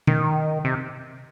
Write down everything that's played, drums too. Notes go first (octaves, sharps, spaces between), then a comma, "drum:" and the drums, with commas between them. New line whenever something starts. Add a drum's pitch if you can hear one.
D#3, drum: tom B2
C3